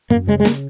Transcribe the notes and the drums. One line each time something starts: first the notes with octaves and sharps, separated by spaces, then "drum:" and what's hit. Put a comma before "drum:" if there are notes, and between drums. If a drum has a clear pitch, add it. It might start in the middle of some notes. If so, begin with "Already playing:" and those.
F#2 A#3, drum: tom G#2
C#3 G#3
G#3
A#3, drum: snare